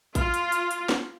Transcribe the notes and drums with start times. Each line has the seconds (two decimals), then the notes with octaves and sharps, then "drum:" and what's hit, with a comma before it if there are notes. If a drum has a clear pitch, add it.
0.15 F4, drum: kick A1, hi-hat
0.34 drum: hi-hat
0.52 drum: hi-hat
0.71 drum: hi-hat
0.89 drum: snare